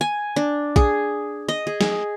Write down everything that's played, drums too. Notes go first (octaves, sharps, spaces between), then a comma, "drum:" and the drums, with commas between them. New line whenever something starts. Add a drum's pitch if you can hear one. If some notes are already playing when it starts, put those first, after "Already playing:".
G#5
D4
G#4, drum: kick
D#5
G#4
G#4, drum: snare